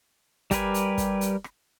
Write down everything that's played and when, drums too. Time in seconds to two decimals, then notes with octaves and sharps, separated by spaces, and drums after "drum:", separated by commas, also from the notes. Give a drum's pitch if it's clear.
0.51 G3 G4 A#4 B4 G#5, drum: kick, hi-hat
0.74 drum: hi-hat
0.98 drum: kick, hi-hat
1.21 drum: hi-hat
1.44 drum: rim click